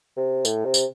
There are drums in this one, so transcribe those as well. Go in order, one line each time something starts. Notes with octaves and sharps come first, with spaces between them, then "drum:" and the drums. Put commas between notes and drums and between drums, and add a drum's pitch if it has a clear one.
C3
A2, drum: tambourine
C3
drum: tambourine